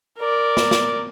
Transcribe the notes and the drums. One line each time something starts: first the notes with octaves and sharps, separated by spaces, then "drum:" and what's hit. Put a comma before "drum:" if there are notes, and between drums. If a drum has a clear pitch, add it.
A#4 D5
drum: snare
drum: snare